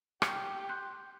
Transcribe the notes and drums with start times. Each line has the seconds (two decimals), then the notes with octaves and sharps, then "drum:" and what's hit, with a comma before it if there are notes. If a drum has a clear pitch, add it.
0.22 G4, drum: rim click
0.69 C6 F#6 G6